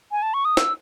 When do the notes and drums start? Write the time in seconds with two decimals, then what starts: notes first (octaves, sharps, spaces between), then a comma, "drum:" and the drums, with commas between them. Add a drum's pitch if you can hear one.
0.12 G#5
0.22 A5
0.34 C#6
0.45 D#6
0.57 E6, drum: snare